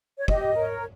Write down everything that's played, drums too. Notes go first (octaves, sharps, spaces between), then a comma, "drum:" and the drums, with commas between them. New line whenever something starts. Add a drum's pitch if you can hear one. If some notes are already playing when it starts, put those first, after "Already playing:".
C#5
G4 D#5, drum: kick
A#4 C#5